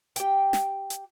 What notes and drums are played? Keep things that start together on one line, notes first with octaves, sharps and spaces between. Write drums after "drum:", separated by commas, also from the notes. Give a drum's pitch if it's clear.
G4 G5, drum: hi-hat
drum: snare
drum: hi-hat